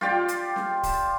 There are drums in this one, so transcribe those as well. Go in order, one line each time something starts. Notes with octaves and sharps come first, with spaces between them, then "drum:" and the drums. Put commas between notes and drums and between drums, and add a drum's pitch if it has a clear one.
F4 G4 D5, drum: snare
drum: hi-hat
drum: snare
drum: kick, open hi-hat